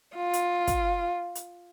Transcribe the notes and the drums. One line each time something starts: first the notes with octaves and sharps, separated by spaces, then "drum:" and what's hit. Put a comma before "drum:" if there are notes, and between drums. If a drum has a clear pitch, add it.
F4
drum: hi-hat
drum: kick, hi-hat
drum: hi-hat